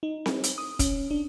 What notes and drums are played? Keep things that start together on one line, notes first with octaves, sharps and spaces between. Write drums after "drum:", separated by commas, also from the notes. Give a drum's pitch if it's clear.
D#4
drum: snare C4
drum: hi-hat
D#6
C#4, drum: kick, hi-hat
D4